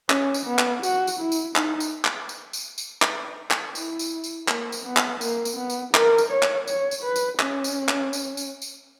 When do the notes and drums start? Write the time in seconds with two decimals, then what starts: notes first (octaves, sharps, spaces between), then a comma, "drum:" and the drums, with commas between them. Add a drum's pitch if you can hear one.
0.10 C#4, drum: clap
0.34 drum: tambourine
0.46 B3
0.59 drum: clap
0.83 F#4, drum: tambourine
1.07 drum: tambourine
1.20 E4
1.32 drum: tambourine
1.56 D#4, drum: clap
1.80 drum: tambourine
2.05 drum: clap
2.29 drum: tambourine
2.53 drum: tambourine
2.78 drum: tambourine
3.02 drum: clap
3.51 drum: clap
3.75 E4, drum: tambourine
3.99 drum: tambourine
4.24 drum: tambourine
4.48 A#3, drum: clap
4.72 drum: tambourine
4.85 B3
4.97 drum: clap
5.21 A#3, drum: tambourine
5.45 drum: tambourine
5.57 B3
5.70 drum: tambourine
5.95 A#4, drum: clap
6.18 drum: tambourine
6.31 C#5
6.43 drum: clap
6.67 C#5, drum: tambourine
6.91 drum: tambourine
7.04 B4
7.16 drum: tambourine
7.39 C#4, drum: clap
7.64 drum: tambourine
7.89 drum: clap
8.13 drum: tambourine
8.37 drum: tambourine
8.62 drum: tambourine